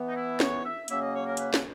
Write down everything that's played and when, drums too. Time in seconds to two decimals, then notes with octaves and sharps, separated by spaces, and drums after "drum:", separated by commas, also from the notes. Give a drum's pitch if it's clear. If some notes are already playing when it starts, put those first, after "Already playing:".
Already playing: E3 B3
0.09 D#4
0.15 E4
0.40 C#5, drum: snare
0.64 E5
0.88 C#3 F#3 A#3 C#4 E5, drum: hi-hat
1.00 D#5
1.13 C#5
1.25 A#4
1.37 B4, drum: hi-hat
1.54 drum: snare